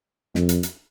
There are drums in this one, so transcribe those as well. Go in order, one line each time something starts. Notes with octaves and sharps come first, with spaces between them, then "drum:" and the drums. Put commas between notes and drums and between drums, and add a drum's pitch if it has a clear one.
F2, drum: snare
drum: hi-hat
drum: hi-hat